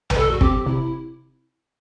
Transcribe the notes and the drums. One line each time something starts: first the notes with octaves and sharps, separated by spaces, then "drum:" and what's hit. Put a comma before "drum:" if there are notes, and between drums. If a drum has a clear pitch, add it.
B4, drum: tom A#1
G3 A4
F#4
C4 G4, drum: kick
C3 E4